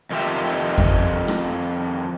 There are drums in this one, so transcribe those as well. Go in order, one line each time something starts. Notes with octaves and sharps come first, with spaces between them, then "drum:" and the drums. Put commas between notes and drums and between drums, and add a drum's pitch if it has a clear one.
F2 D#3 F4 G4 E5
drum: kick F2
drum: rim click